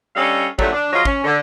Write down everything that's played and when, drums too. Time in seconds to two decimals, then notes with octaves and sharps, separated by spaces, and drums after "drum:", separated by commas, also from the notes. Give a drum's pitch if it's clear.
0.15 G3 C#4 D4 A4 D#5 F5
0.59 A#2 D3 F#3 G3 A3, drum: kick
0.73 D4
0.93 F#3 F4 G#4 C#5 D#5
1.05 C#4, drum: kick
1.24 D3